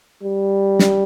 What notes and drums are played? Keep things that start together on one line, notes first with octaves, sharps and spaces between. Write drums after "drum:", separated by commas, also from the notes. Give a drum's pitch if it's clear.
G3
drum: snare